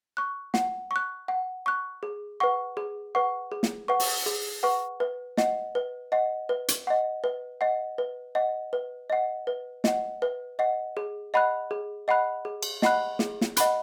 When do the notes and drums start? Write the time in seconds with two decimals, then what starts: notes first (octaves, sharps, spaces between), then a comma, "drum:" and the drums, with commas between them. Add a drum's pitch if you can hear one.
0.17 C#6 F#6
0.54 F#5, drum: snare
0.91 C#6 F#6
1.28 F#5
1.66 C#6 F#6
2.03 G#4
2.40 B4 F#5 C#6
2.77 G#4
3.15 B4 F#5 C#6
3.52 G#4
3.63 drum: snare
3.88 B4 F#5 C#6
4.00 drum: open hi-hat
4.26 G#4
4.63 B4 F#5 C#6
5.00 B4
5.37 D#5 F#5, drum: snare
5.75 B4
6.12 D#5 F#5
6.49 B4
6.68 drum: hi-hat
6.87 D#5 F#5
7.24 B4
7.61 D#5 F#5
7.98 B4
8.35 D#5 F#5
8.73 B4
9.10 D#5 F#5
9.47 B4
9.84 D#5 F#5, drum: snare
10.22 B4
10.59 D#5 F#5
10.97 G#4
11.34 D#5 F#5 B5 F#6
11.71 G#4
12.08 D#5 F#5 B5 F#6
12.45 G#4
12.63 drum: cymbal
12.82 D#5 F#5 B5 F#6, drum: snare
13.19 G#4, drum: snare
13.41 drum: snare
13.57 D#5 F#5 B5 F#6, drum: hi-hat